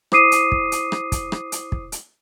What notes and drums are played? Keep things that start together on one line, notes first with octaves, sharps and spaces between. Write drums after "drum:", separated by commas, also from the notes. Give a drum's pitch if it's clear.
E4 C5 D6 D#6 C7 D#7, drum: rim click
drum: hi-hat
drum: kick
drum: hi-hat
drum: rim click
drum: kick, hi-hat
drum: rim click
drum: hi-hat
drum: kick
drum: hi-hat